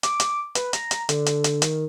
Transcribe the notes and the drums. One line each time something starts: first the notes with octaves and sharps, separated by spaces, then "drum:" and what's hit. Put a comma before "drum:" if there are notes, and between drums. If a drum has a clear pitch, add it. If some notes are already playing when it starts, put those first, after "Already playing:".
D6, drum: hi-hat
drum: hi-hat
B4, drum: hi-hat
A#5, drum: hi-hat
drum: hi-hat
D3, drum: hi-hat
drum: hi-hat
drum: hi-hat
D#3, drum: hi-hat